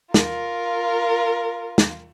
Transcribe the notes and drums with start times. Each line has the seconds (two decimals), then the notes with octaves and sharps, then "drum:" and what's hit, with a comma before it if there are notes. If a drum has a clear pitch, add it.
0.14 F4 A#4, drum: snare
1.78 drum: snare